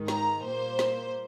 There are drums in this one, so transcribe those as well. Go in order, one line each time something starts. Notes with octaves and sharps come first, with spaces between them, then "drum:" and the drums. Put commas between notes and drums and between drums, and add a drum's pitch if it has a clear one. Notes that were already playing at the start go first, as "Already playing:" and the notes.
Already playing: G#2 D#3 G#3
A#5, drum: snare
A#2 G3 A#3 C5
drum: snare